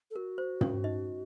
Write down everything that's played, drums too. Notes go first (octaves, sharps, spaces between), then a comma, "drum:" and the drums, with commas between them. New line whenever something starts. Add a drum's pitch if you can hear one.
A4
F#4 A#4
C5
C#4 C#5, drum: tom
D#4 D#5